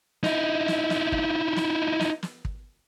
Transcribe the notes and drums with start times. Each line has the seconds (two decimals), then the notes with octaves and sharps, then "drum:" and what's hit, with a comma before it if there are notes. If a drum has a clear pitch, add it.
0.24 D#4 E4, drum: snare
0.68 drum: snare
0.90 drum: snare
1.12 drum: kick
1.56 drum: snare
2.01 drum: snare
2.23 drum: snare
2.45 drum: kick